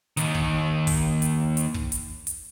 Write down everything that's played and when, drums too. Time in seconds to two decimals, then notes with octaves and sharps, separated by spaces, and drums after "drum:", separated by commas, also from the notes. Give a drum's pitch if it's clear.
0.17 D#2 D#3, drum: hi-hat
0.35 drum: kick
0.87 drum: kick, open hi-hat
1.22 drum: hi-hat
1.57 drum: hi-hat
1.74 drum: kick
1.92 drum: hi-hat
2.27 drum: hi-hat